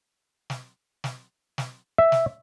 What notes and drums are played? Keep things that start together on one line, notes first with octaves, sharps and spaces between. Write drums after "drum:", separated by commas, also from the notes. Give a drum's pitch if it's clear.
drum: snare
drum: snare
drum: snare
E5
drum: snare